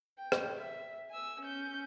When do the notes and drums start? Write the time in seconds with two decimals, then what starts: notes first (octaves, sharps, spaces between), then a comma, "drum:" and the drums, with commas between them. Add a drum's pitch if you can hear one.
0.18 G5
0.32 drum: rim click
0.57 E5
1.10 G#5 E6
1.41 C#4 G6